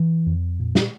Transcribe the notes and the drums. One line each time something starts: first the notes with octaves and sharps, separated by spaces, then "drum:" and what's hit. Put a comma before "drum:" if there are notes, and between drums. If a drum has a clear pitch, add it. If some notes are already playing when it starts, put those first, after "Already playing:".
Already playing: E3
F2
A#2
drum: snare